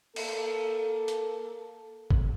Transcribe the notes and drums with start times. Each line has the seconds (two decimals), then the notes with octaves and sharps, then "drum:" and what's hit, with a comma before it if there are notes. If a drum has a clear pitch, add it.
0.16 A#3 A4, drum: cymbal
1.08 drum: hi-hat
2.11 drum: kick